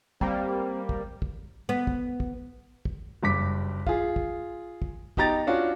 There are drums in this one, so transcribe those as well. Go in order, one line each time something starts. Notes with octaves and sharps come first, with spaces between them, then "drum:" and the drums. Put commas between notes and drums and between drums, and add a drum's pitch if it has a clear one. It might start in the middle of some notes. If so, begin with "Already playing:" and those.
G3 A#3 C4, drum: kick
drum: kick
drum: kick
B3
drum: kick
drum: kick
drum: kick
F#1 G2 D6 B6
F4 G#4, drum: kick
drum: kick
drum: kick
B3 D#4 G4 A#5 A6, drum: kick
C#4 D4 F4 F#4